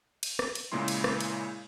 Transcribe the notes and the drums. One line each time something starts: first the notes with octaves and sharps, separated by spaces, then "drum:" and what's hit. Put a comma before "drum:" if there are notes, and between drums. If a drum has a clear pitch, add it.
drum: cymbal
drum: rim click
drum: cymbal
A#2 C#3 G#3 A#3 E4 C6
drum: cymbal
drum: rim click
drum: cymbal